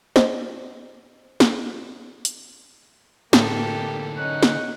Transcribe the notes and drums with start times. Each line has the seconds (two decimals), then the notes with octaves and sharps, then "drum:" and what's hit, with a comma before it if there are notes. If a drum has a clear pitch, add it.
0.16 C5 D5 D#5, drum: snare
1.40 drum: snare
2.25 drum: hi-hat
3.33 A2 D3 E3 A#3 G4 A4, drum: snare
4.17 C#4 D#4 F#5
4.43 drum: snare